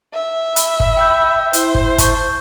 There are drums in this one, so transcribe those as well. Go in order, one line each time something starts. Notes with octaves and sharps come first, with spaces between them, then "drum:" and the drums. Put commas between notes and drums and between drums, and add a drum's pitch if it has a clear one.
E5
B5, drum: hi-hat
drum: kick G1
G5 E6 G6
E4 C5, drum: hi-hat
drum: kick G1
A5 C#6 G6, drum: kick G1, hi-hat